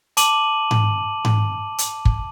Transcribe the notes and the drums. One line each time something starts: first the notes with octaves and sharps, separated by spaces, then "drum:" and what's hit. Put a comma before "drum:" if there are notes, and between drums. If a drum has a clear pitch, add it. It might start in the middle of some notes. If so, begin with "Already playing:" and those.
A5 D6 D#7 F#7, drum: hi-hat
drum: tom G#2
drum: tom G#2
drum: hi-hat
drum: kick